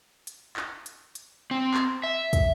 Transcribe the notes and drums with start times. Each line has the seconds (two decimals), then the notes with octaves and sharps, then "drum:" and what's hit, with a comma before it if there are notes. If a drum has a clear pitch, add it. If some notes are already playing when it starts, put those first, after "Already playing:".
0.27 drum: hi-hat
0.57 drum: clap
0.86 drum: hi-hat
1.15 drum: hi-hat
1.51 C4
1.74 drum: clap
2.03 E5
2.33 drum: kick, hi-hat